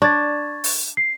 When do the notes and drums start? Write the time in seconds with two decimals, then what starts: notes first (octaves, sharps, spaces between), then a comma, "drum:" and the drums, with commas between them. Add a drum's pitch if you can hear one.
0.02 D4 C#6 G#6 A6
0.64 drum: open hi-hat
0.97 C7